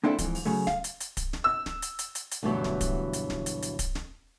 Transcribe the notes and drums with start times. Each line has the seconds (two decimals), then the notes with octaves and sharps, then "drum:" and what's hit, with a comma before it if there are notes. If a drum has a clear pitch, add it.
0.04 A#3 C4 D4 E4 A4
0.19 F2 G#2 E3, drum: kick D1, hi-hat
0.35 drum: open hi-hat
0.45 C#3 F#3 A3
0.67 F5, drum: snare
0.84 drum: hi-hat
1.01 drum: hi-hat
1.17 drum: kick D1, hi-hat
1.33 drum: snare
1.44 E6
1.66 drum: snare
1.82 drum: hi-hat
1.99 drum: hi-hat
2.15 drum: hi-hat
2.32 drum: hi-hat
2.43 D2 G2 B2 E3 F#3 G4
2.64 drum: snare
2.81 drum: kick D1, hi-hat
3.13 drum: hi-hat
3.30 drum: snare
3.46 drum: hi-hat
3.63 drum: hi-hat
3.79 drum: kick D1, hi-hat
3.95 drum: snare